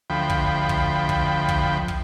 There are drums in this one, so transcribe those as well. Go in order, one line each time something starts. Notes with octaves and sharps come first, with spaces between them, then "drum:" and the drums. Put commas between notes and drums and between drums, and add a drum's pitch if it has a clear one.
D2 F3 G5 B5
drum: kick
drum: kick
drum: kick
drum: kick
drum: kick